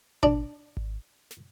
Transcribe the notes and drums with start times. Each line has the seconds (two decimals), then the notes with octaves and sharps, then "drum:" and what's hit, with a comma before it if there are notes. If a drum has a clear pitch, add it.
0.23 D4, drum: kick G#1
0.77 drum: kick G#1
1.31 drum: snare